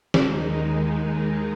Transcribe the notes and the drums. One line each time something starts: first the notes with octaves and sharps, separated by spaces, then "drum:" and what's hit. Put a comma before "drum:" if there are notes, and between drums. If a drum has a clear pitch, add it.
D#2 D#3 G#3 D#4, drum: snare